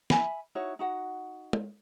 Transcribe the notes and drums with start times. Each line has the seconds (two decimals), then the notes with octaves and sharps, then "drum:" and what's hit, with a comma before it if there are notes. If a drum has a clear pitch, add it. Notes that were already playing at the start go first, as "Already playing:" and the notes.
0.10 E5 G#5 B5, drum: snare
0.55 D#4 E4 F#4 C#5
0.79 D#4 F#4 F#5
1.53 drum: tom